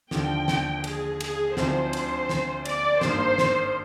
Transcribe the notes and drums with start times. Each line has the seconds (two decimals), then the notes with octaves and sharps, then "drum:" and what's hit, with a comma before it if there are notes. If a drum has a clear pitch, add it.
0.11 D#2 D3 F3 G5, drum: snare
0.48 drum: snare
0.84 G#4, drum: cymbal
1.20 G#4, drum: cymbal
1.57 D2 D3 F3 C4 D#4 C5, drum: snare
1.93 drum: cymbal
2.29 drum: snare
2.65 D5, drum: cymbal
3.01 G#1 G2 D#3 A#3 C5, drum: snare
3.38 drum: snare